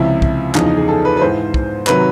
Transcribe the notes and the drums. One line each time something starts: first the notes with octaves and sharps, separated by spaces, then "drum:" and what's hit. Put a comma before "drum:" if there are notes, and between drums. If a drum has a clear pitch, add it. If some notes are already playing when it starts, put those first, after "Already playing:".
Already playing: C#2 C3 F3 E4
drum: kick
E2 C#3 F3 D#4, drum: clap
D#4
G#4
A4
B4
B4
G#2 E3 C5
drum: kick
C3 D#3 F#3 B4, drum: clap